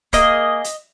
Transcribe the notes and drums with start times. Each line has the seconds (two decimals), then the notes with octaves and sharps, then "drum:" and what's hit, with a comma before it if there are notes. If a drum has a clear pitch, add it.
0.13 A#3 G#4 D#5, drum: kick, hi-hat
0.64 drum: hi-hat